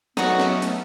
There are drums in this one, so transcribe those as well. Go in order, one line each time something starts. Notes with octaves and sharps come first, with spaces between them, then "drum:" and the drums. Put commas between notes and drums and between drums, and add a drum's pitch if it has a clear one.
F#3 A3 B3 C#4 D#4 F#4, drum: snare
drum: snare
drum: hi-hat